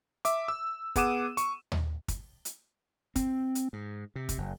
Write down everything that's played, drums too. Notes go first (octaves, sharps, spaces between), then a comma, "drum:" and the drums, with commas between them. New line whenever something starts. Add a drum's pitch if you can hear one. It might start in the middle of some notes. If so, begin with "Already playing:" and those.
E5 D6, drum: hi-hat
E6
B3 G#4 F#5 D6 D#7 E7, drum: kick, hi-hat
C#6, drum: hi-hat
drum: tom D#2
drum: kick, hi-hat
drum: hi-hat
C4, drum: kick, hi-hat
drum: hi-hat
G#2
C3
drum: kick, hi-hat
F#1